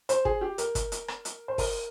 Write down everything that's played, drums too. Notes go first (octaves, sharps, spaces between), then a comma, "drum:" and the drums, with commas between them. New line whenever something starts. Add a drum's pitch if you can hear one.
C5, drum: hi-hat
G#4, drum: kick
G4
A#4, drum: hi-hat
drum: kick, hi-hat
drum: hi-hat
drum: rim click
drum: hi-hat
C5
A#4, drum: kick, open hi-hat